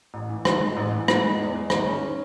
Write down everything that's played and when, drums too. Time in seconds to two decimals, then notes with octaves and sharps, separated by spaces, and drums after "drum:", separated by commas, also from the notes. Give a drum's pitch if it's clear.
0.14 A1
0.29 E3
0.45 G#2, drum: rim click
0.61 G#3
0.77 A1
0.92 E3
1.08 G#2, drum: rim click
1.23 G#3
1.39 E2
1.55 G#3
1.70 D#3, drum: rim click
1.86 C#4